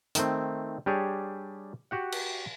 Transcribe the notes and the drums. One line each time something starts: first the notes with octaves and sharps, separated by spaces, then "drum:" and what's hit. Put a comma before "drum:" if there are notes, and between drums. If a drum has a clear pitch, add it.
D#3 A3 C4, drum: hi-hat
G3 D4 G4 G#4 C#5
F#4 G4 F#5
drum: cymbal